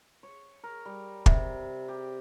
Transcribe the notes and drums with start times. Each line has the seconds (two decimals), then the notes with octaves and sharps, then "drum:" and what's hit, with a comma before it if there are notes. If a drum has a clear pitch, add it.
0.23 C#5
0.64 A#4
0.85 G3
1.26 C3, drum: kick
1.88 G4